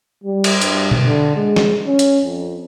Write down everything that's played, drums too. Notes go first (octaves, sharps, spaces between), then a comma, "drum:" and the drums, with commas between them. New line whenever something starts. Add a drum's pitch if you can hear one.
G3
drum: cymbal
G2, drum: hi-hat
drum: tom B2
D3
G#3
drum: snare
C#4
drum: hi-hat
F2